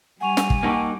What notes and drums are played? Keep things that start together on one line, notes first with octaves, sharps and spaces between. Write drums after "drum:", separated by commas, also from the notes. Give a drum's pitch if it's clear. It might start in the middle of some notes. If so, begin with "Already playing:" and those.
G3 F#5 G#5 C#6 F7
drum: snare
drum: kick
A#3 D#4 G4 F#5 A5 C#6